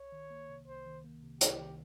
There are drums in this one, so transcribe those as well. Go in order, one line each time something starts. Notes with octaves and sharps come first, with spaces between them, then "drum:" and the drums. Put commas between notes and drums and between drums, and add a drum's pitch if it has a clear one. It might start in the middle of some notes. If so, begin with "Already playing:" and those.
Already playing: C2 C#5
D#3
A#3
C3
C2 C5
D#3
A#3
C3
C2 G4, drum: hi-hat
D#3